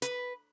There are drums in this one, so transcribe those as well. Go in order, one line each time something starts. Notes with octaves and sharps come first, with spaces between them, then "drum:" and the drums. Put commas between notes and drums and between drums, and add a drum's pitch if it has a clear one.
B4, drum: hi-hat